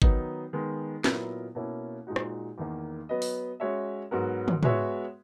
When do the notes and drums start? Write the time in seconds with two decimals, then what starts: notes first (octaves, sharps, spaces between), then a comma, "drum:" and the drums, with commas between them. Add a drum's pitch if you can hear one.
0.02 D#3 F#3 B3 D#4, drum: kick
0.53 D#3 G#3 B3
1.04 A#2 F#3 B3 E4 A#4, drum: snare
1.55 B2 A#3 C#4 E4
2.07 A#2 G#3 D#4 F#4
2.16 drum: rim click
2.58 E2 D#3 A#3
3.09 F#3 B3 F#4 B4 D#5
3.22 drum: open hi-hat
3.60 G#3 C#4 F#4 C#5 E5
4.11 G#2 F#3 B3 F#4 A#4
4.48 drum: tom
4.63 G#3 B3 F#4 C#5 E5, drum: tom